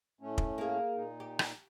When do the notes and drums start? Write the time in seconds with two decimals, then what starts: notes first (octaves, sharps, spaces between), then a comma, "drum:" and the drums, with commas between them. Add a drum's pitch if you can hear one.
0.21 A2 A3 C#4
0.38 drum: kick
0.58 A#3 G#4
0.95 A#2 D#4
1.20 G4
1.39 drum: rim click